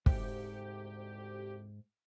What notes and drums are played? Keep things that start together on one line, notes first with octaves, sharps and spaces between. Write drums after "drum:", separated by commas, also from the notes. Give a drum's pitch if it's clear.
D2 G#2 C3 G4, drum: kick